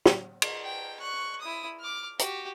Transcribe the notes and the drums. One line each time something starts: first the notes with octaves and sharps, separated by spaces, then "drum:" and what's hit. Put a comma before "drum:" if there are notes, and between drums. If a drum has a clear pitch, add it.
drum: snare
drum: cymbal
G5
C#6 F#6
E4 D#6
D6 F6
F#4 G4, drum: hi-hat